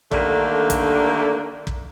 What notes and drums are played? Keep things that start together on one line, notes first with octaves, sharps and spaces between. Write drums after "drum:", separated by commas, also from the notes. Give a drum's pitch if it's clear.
D3 D#3 G3 A3 A#3 D4, drum: kick
drum: kick, hi-hat
drum: kick